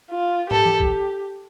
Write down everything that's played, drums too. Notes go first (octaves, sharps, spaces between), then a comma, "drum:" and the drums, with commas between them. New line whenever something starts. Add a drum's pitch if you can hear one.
F4
G4 A4, drum: tom
drum: tom
drum: kick